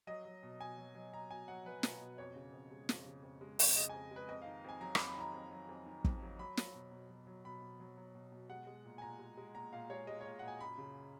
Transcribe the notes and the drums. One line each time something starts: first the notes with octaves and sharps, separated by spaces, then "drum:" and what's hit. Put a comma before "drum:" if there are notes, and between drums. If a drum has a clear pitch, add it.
F#3 D#5
F#3
B2
B2 G#5
F#3
F#3
B2 A#5
B2 G#5
F#3 F#5
F#3 B4
B2, drum: snare
B2
F2 C#5
C#3
F2
G#3
F2, drum: snare
C#3
F2
G#3
F2, drum: open hi-hat
C#3 D#5
F2 G#5
G#3 B4
F2 D#5
D#3 F5
F2 G#5
F#3 A#5
B5, drum: rim click
F2
B5
D#3 A#5
F2
F#3
F2
D#3
F2, drum: kick
F#3
F#3 B5
F#3, drum: snare
B2
B2
F#3
F#3
B2 B5
B2
F#3
F#3
B2
B2
G#3 F#5
G#3
A#2
G#5
A#2 A#5
G#3
G#3
A#2 A#5
A#2 F5
G#3 C#5
G#3 D#5
A#2 C#5
A#2 F#5
G#5
F#2 B5
C#3